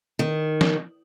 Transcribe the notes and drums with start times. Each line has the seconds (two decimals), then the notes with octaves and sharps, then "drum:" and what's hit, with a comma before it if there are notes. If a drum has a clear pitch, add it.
0.19 D#3
0.61 drum: snare